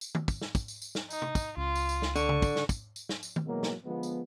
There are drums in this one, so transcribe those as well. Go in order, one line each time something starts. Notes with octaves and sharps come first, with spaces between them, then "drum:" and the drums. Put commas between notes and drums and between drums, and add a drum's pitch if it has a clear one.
drum: tambourine
drum: tom
drum: kick, tambourine
drum: snare
drum: kick, tambourine
drum: tambourine
drum: tambourine
drum: snare
D#4, drum: tambourine
drum: tom
drum: kick, tambourine
C#2 F4
drum: tambourine
drum: tambourine
drum: snare
D3 C#6, drum: tambourine
drum: tom C#3
drum: kick, tambourine
drum: snare
drum: kick, tambourine
drum: tambourine
drum: snare
drum: tambourine
drum: tom
B2 E3 F#3 G#3 A#3
drum: snare
D3 F3 G#3 B3
drum: tambourine